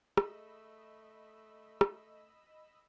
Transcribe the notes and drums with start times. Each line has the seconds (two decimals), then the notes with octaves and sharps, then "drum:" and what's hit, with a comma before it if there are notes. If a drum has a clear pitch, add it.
0.17 A3 G#4 D#5 B5 E6, drum: rim click
1.81 drum: rim click